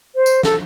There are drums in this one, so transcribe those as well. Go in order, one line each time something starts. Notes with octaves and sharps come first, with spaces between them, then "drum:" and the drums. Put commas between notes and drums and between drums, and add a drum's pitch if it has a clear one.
C5
drum: tambourine
A4, drum: snare